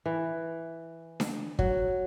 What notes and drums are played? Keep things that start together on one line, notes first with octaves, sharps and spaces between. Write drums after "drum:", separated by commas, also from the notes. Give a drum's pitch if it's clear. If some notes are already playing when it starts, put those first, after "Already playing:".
E3
drum: snare D4
F#3, drum: kick